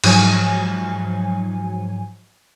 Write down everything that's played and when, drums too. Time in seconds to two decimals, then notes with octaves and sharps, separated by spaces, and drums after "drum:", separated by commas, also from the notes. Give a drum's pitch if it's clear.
0.04 G#2 F3 F#3 G#5, drum: cymbal